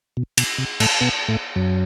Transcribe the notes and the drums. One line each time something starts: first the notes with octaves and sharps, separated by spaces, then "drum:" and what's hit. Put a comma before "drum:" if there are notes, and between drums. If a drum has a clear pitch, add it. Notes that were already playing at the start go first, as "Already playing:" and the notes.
B2
B2, drum: cymbal
C3
A2 A3, drum: cymbal
B2 B3
A2 A3
F#2 F#3